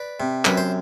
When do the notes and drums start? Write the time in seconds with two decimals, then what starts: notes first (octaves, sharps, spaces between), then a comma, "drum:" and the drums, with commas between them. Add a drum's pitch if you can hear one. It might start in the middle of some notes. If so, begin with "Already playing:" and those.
Already playing: B4 D5
0.20 C3
0.45 F#2 B4, drum: clap
0.58 C5